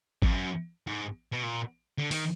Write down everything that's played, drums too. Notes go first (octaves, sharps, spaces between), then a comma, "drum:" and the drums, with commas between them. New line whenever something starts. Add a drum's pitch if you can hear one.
F2, drum: kick
F#2
G#2
B2
A#2
D3
D#3, drum: open hi-hat